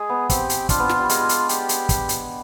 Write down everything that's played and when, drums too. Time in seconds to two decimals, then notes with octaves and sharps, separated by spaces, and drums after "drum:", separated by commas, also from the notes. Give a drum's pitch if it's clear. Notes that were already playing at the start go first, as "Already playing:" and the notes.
Already playing: G#3 G#4
0.09 B3
0.30 C4 G4, drum: kick, hi-hat
0.50 drum: hi-hat
0.69 D4 F4, drum: kick, hi-hat
0.79 B3
0.89 drum: snare
0.99 G3
1.09 G#3 F4, drum: hi-hat
1.29 drum: hi-hat
1.49 G4, drum: hi-hat
1.69 drum: hi-hat
1.89 drum: kick, hi-hat
2.09 drum: hi-hat